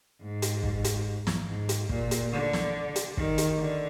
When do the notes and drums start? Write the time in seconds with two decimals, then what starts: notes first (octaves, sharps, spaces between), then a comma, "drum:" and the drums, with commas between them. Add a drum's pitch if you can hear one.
0.22 G#2
0.42 drum: hi-hat
0.63 drum: kick
0.84 drum: hi-hat
1.27 drum: snare
1.48 G#2
1.69 drum: hi-hat
1.89 A#2, drum: kick
2.11 drum: hi-hat
2.33 D3
2.53 drum: snare
2.96 drum: hi-hat
3.17 D#3, drum: kick
3.38 drum: hi-hat
3.59 D3